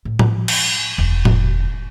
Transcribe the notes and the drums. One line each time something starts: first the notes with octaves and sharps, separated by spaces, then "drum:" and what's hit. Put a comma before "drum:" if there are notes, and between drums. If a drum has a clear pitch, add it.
A2
F3, drum: tom A2
drum: cymbal
E1 D2
drum: tom A2